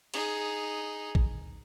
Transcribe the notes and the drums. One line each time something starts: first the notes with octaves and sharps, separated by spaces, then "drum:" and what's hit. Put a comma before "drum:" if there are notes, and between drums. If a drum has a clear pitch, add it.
D#4 G#4, drum: cymbal
drum: kick